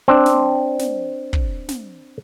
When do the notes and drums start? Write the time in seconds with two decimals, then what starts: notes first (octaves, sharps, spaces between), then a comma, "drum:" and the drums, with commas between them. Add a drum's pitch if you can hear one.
0.08 C4 D4
0.26 drum: snare
0.79 drum: snare
1.33 drum: kick
1.69 drum: snare